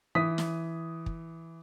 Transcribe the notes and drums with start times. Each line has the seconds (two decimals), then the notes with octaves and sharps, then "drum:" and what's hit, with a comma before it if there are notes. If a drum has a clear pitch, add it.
0.15 E3 D#6 B6
0.38 drum: snare
1.06 drum: kick